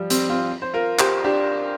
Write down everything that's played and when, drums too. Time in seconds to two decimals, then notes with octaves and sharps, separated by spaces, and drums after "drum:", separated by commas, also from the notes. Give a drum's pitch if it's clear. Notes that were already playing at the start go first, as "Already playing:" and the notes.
Already playing: F3 G3
0.10 G3 C4, drum: hi-hat
0.30 C4 F4
0.62 C5
0.74 F4 A#4
0.99 G4 C5, drum: clap
1.24 D4 G4